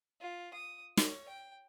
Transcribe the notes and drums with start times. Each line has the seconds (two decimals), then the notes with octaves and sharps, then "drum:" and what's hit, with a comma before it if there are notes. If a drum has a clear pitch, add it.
0.21 F4
0.53 D#6
0.97 C#5, drum: snare
1.28 G5